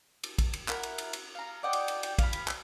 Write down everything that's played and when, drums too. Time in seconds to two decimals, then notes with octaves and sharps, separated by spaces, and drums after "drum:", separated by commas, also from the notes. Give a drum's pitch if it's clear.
0.24 drum: cymbal
0.38 drum: kick, cymbal
0.53 drum: cymbal
0.68 E4 A#4 F#5, drum: clap
0.83 drum: cymbal
0.98 drum: cymbal
1.13 drum: cymbal
1.35 F5 A#5
1.63 D5 D#5 F#5 G5
1.73 drum: cymbal
1.88 drum: cymbal
2.03 G5, drum: cymbal
2.19 F5 B5, drum: kick, cymbal
2.33 drum: cymbal
2.48 drum: clap